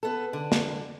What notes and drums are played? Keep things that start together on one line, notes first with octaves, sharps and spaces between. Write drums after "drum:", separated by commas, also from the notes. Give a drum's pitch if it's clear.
B3 A4
D3
drum: snare